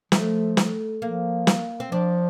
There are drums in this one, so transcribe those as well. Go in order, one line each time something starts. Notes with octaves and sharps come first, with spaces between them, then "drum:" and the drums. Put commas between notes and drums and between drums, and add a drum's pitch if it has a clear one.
F3 A3, drum: snare
drum: snare
F3 A#3
drum: snare
C4
F3 D4